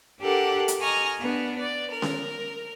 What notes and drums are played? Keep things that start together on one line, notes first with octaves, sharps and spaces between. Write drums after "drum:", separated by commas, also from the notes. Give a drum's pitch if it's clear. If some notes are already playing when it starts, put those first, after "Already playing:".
D4 G4 A4 A#4 F#5
drum: hi-hat
D#5 G#5 A#5 C#6 D#6 F6
B3 D4
D5
A#4
drum: snare C#4